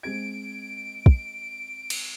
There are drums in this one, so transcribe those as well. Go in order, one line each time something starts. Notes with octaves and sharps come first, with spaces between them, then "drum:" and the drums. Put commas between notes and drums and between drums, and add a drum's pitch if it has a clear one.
G#3 C4 G#6 D7
drum: kick
drum: cymbal